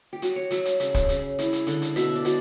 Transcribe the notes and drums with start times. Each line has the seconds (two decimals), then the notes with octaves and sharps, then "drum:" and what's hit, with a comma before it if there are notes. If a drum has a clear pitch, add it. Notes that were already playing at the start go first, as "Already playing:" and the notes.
0.13 G4
0.22 F#3 F#4, drum: hi-hat
0.36 C#5
0.51 F#3 E5, drum: hi-hat
0.65 drum: hi-hat
0.80 C#3 E5, drum: hi-hat
0.94 drum: kick, hi-hat
1.09 C#3, drum: hi-hat
1.39 E4, drum: hi-hat
1.53 drum: hi-hat
1.67 D3, drum: hi-hat
1.82 drum: hi-hat
1.96 B2 E5, drum: hi-hat
2.16 D5
2.25 B2, drum: hi-hat